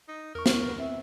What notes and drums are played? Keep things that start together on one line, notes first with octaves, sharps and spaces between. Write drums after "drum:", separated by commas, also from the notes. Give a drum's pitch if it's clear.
D#4
E2 A#4 C#6
drum: snare
B3
C4 E5